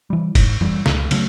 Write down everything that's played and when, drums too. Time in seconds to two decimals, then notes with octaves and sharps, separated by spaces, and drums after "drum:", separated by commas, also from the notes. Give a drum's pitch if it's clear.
0.10 E3 G3
0.35 G#2, drum: kick F1, cymbal
0.61 E3 G3, drum: tom F#2
0.86 C#2, drum: snare
1.11 C#3 F#3 A3, drum: cymbal